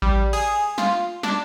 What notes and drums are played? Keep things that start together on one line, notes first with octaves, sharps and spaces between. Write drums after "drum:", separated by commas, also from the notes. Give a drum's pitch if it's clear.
G3, drum: kick A1
G#4, drum: cymbal
F4, drum: snare
D4, drum: snare